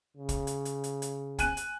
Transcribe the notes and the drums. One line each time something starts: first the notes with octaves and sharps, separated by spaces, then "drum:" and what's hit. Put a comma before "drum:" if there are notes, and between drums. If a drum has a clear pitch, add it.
C#3
drum: kick, hi-hat
drum: hi-hat
drum: hi-hat
drum: hi-hat
drum: hi-hat
G#5 F#6 D#7, drum: kick, hi-hat
drum: hi-hat